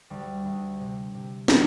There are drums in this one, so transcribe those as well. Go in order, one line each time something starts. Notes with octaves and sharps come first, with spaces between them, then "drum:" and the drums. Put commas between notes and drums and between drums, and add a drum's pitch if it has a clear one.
D2 G3
D2
C3
C3
E3 F#3, drum: snare